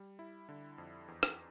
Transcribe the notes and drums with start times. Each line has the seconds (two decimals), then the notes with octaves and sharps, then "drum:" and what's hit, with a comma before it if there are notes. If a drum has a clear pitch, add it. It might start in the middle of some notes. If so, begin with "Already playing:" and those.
Already playing: G3
0.19 E4
0.49 D3
0.78 F2
1.08 E2
1.23 drum: rim click